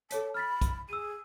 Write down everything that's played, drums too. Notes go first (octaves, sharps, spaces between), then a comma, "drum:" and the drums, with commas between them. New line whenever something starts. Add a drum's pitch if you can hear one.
A4 C#5 A5 B6, drum: hi-hat
B5 F6 A6 B6
drum: kick, hi-hat
G#4 E6 D#7